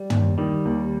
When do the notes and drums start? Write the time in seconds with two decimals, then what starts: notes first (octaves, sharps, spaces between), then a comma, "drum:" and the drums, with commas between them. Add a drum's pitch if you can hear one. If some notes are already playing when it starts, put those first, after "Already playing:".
Already playing: G3
0.10 D#2, drum: tom
0.38 D#3 G3
0.65 D#2